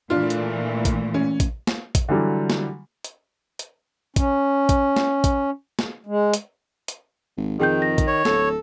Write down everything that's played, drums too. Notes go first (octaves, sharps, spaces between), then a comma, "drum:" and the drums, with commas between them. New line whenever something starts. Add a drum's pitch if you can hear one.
A#2 E3 A3 D4 F4
drum: hi-hat
drum: kick, hi-hat
C#4
drum: kick, hi-hat
drum: snare
drum: kick, hi-hat
D3 E3 F#3 G3
drum: snare
drum: hi-hat
drum: hi-hat
C#4, drum: kick, hi-hat
drum: kick, hi-hat
drum: snare
drum: kick, hi-hat
drum: snare
G#3
drum: hi-hat
drum: hi-hat
G#1
F2 D#3 G#4 G5 G6
A#6
drum: kick, hi-hat
C#5
D1 A4, drum: snare